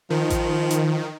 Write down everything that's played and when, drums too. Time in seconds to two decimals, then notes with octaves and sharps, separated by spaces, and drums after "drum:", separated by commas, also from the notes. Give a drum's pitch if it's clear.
0.10 D#3 F3
0.30 drum: kick A1, hi-hat
0.70 drum: hi-hat